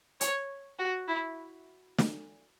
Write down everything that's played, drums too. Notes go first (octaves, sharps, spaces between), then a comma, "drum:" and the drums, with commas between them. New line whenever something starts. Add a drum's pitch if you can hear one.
C#5, drum: hi-hat
F#4
E4
drum: snare